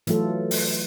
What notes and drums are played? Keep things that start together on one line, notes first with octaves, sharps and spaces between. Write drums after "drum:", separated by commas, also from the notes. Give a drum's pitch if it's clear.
E3 F#3 A3 F4 A4, drum: hi-hat
drum: open hi-hat